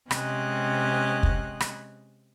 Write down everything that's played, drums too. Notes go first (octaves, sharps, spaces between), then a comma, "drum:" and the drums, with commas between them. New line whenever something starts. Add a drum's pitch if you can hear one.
C3 G#3 C4 C#4 D#5 F#6, drum: rim click
drum: kick
drum: rim click